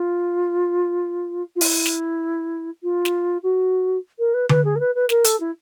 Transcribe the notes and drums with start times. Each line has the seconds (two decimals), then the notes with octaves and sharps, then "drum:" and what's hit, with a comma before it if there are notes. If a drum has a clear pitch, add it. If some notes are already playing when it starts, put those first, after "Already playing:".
Already playing: F4
1.55 F4
1.61 E4, drum: open hi-hat
1.86 drum: snare
2.83 F4
3.05 drum: snare
3.43 F#4
4.19 A#4
4.33 B4
4.49 B4, drum: tom D3
4.64 G#4
4.75 A#4
4.79 B4
4.95 B4
5.09 A#4, drum: snare
5.25 A4, drum: hi-hat
5.40 E4